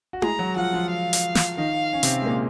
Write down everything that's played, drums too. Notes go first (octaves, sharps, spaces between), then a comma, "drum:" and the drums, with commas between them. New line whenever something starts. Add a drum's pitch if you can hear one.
F#4
G#3 G#4 A#5, drum: tom E4
F#3 F#4
F3 F4 F#5
F3 F4
F5
drum: hi-hat
drum: snare
D#3 D#4 F5
C#4
C3 C4, drum: hi-hat
G#3
A#2 A#3